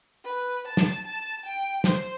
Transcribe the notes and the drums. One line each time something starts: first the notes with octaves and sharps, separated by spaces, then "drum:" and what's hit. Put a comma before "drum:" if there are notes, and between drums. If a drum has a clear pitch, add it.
B4
A5
drum: snare
A5
G5
C5, drum: snare